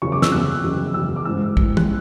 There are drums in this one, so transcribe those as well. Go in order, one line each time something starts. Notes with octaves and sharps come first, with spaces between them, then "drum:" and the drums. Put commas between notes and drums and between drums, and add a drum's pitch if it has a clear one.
F#1 E2 C#3 C#6
D6
E6, drum: snare
F#1 E2 C#3 F#6
F#1 E2 C#3
F#1 E2 C#3 E6
D6
A1 G#2 E3 E6
A1 G#2 E3, drum: kick
F#6, drum: tom